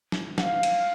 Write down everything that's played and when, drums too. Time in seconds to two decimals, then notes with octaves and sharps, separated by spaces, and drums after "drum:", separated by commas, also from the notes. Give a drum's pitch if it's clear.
0.12 drum: snare
0.38 F#5, drum: snare
0.42 F5
0.63 drum: cymbal